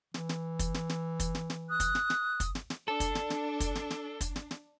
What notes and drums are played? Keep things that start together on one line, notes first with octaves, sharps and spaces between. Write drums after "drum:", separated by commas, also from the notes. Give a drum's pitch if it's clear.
E3, drum: snare
drum: snare
drum: kick, hi-hat
drum: snare
drum: snare
drum: kick, hi-hat
drum: snare
drum: snare
D#6 F#6
drum: kick, hi-hat
drum: snare
drum: snare
drum: kick, hi-hat
drum: snare
drum: snare
D4 A4
drum: kick, hi-hat
drum: snare
drum: snare
drum: kick, hi-hat
drum: snare
drum: snare
drum: kick, hi-hat
drum: snare
drum: snare